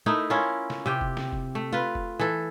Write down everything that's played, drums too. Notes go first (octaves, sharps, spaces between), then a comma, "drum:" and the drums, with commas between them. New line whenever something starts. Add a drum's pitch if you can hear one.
A3 D#4 E4 A#4
C#4 E4 F4 A#4
drum: snare
C3 G4 G5
drum: kick F1
drum: snare
drum: kick F1
A3
F4 B4
drum: kick F1
E3 A4